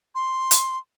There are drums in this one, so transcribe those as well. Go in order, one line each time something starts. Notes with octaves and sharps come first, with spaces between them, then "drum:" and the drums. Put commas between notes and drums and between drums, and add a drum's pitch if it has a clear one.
C6
drum: hi-hat